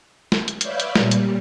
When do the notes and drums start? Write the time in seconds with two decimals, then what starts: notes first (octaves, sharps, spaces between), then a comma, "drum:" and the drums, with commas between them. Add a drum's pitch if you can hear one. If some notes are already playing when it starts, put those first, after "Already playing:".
0.32 drum: snare
0.48 drum: hi-hat
0.61 B4 C#5 D5 E5 F5 G6, drum: hi-hat
0.80 drum: hi-hat
0.96 A#2 G3, drum: snare
1.11 drum: hi-hat